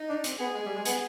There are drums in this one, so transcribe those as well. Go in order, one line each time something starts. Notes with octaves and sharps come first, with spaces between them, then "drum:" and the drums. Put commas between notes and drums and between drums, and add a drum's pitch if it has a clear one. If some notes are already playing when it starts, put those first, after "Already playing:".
Already playing: D#4
D4
C4, drum: hi-hat
B3 G#4
G#3 G#4
G3
G#3
B3 G#4, drum: hi-hat